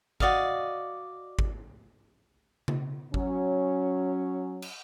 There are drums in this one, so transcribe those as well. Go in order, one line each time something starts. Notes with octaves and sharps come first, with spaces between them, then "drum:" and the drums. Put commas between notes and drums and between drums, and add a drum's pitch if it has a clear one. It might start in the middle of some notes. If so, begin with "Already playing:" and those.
F#4 D5 D#5 F5, drum: kick G#1
drum: kick G#1
drum: tom C#3
F#3 C#4, drum: kick G#1
drum: cymbal